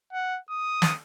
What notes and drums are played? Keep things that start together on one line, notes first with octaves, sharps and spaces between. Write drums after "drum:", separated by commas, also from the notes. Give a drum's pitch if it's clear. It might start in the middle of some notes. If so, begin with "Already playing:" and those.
F#5
D#6
drum: snare